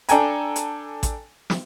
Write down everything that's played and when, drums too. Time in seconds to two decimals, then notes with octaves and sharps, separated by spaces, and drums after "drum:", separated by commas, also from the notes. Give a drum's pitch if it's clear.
0.09 D4 A4 G5 G#5 A#5, drum: hi-hat
0.56 drum: hi-hat
1.03 drum: kick A1, hi-hat
1.50 drum: snare